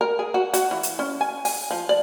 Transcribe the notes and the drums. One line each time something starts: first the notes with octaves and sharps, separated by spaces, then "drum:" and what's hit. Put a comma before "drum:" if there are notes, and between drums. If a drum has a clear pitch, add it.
A#4
G#4
F#4
F#4, drum: hi-hat
E3
drum: hi-hat
C#4
G#5
G#5, drum: open hi-hat
F3
D5